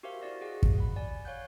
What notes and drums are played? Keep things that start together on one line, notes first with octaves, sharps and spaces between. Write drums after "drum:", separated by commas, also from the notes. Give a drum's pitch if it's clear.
F#4 G4 A#4 C5 E5 F5
E4 F#4 C5 D5 F#5 A#6
F#4 G#4 D#5 F5 F#5
drum: kick
F#5 B5
D5 F#5 G#5
C#5 F5 F#5 F#6 G6